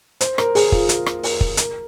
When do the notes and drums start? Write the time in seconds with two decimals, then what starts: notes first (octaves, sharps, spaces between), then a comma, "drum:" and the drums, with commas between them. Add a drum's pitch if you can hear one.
0.21 C5, drum: hi-hat
0.38 A#4, drum: rim click
0.55 G#4, drum: open hi-hat
0.72 F4, drum: kick
0.89 G#4, drum: hi-hat
1.06 drum: rim click
1.23 A#4, drum: open hi-hat
1.41 drum: kick
1.57 A#4, drum: hi-hat